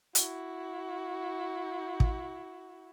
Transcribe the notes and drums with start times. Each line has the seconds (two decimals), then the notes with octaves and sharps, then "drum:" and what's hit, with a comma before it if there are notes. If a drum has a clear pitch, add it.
0.15 E4 F#4, drum: hi-hat
2.00 drum: kick